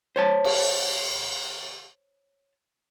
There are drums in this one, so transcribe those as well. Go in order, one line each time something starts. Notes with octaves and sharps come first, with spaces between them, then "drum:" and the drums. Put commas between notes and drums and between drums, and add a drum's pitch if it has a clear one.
C5 C#5 A5
drum: cymbal